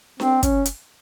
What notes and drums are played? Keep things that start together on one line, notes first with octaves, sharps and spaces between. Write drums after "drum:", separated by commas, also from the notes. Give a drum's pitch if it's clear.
C4, drum: snare D4
C#4, drum: kick, hi-hat
drum: hi-hat